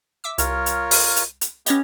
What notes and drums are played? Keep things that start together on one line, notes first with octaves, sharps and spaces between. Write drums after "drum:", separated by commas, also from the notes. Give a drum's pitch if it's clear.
E5 D6 E6
C2 F4 A#4 C#5, drum: hi-hat
drum: hi-hat
drum: open hi-hat
drum: hi-hat
drum: hi-hat
B3 C#4 G4 C#5 D#5, drum: hi-hat